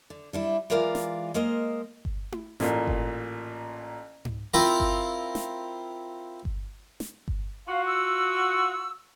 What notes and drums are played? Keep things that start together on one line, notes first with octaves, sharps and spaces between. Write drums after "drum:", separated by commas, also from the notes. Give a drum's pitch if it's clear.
D3
G3 D4 E4
E3 G#3 F4 A#4 D5 F5
drum: snare
G#3 A#3 A#4 C5 D#5
drum: kick G1
drum: tom E4
A1 A#2, drum: snare
drum: kick G1
drum: tom G#2
C4 E4 F4 A#4 A#5
drum: kick G1
drum: snare
drum: kick G1
drum: snare
drum: kick G1
F4 F#4 F5
E6